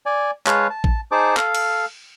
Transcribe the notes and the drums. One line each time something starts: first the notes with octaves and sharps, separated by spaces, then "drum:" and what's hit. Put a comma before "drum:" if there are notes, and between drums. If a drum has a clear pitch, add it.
D5 G#5
G#3 B4 C#5 F5 A5, drum: clap
A5
drum: kick A1
D#4 G#4 C5 A5 D6
A4 F5, drum: clap
drum: cymbal